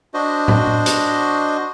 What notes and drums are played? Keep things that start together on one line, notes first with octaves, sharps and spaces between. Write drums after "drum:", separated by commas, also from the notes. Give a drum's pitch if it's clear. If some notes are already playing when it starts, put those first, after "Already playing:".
D4 F#4 C5 D#5
drum: tom A2
drum: hi-hat